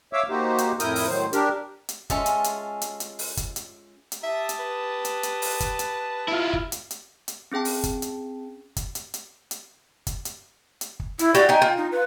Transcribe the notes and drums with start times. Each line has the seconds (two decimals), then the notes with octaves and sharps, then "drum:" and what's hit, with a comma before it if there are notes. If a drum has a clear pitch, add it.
0.13 C#5 E5 F5 D6 E6
0.29 A#3 D#4 F#4 G4 C5
0.58 drum: hi-hat
0.80 F2 A2 E4 A#4 D#6 G6, drum: hi-hat
0.96 drum: open hi-hat
1.07 A2 D#3 F#3 C5
1.33 D4 G4 A#4, drum: hi-hat
1.89 drum: hi-hat
2.10 G#3 C#4 F4 G#4 A4 E5, drum: kick, hi-hat
2.26 drum: hi-hat
2.44 drum: hi-hat
2.82 drum: hi-hat
3.00 drum: hi-hat
3.19 drum: open hi-hat
3.37 drum: kick, hi-hat
3.56 drum: hi-hat
4.12 drum: hi-hat
4.23 G4 E5 A5 D#6
4.49 drum: hi-hat
4.59 B4
5.05 drum: hi-hat
5.23 drum: hi-hat
5.42 drum: open hi-hat
5.60 drum: kick, hi-hat
5.79 drum: hi-hat
6.28 E4 F4
6.53 drum: kick
6.72 drum: hi-hat
6.91 drum: hi-hat
7.28 drum: hi-hat
7.52 C4 C#4 G#4 G5 A5
7.65 drum: open hi-hat
7.84 drum: kick, hi-hat
8.02 drum: hi-hat
8.76 drum: kick, hi-hat
8.95 drum: hi-hat
9.14 drum: hi-hat
9.51 drum: hi-hat
10.07 drum: kick, hi-hat
10.25 drum: hi-hat
10.81 drum: hi-hat
11.00 drum: kick
11.19 E4, drum: hi-hat
11.35 F#4 G4 D5 G5, drum: hi-hat
11.49 D#4 G5 G#5
11.62 F4
11.77 D#4
11.92 B4